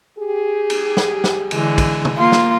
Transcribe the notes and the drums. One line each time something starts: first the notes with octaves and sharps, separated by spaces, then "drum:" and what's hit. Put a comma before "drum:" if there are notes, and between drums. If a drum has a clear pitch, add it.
G4 G#4
drum: cymbal
drum: snare
drum: snare
D3 E3 G#3, drum: cymbal
drum: kick, cymbal
drum: tom
A#3 F4
drum: snare